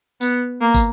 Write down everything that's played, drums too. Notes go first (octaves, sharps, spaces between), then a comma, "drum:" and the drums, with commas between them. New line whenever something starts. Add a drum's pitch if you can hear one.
B3, drum: tambourine
A#3
drum: kick, tambourine